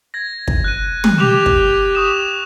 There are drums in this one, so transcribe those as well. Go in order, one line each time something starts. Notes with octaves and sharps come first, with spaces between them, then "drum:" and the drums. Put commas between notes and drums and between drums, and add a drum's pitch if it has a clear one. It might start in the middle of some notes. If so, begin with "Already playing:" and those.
G#6 A#6
drum: kick
F#6 D#7
drum: tom
G4 E7 F7
drum: kick
C#6 D#6 E7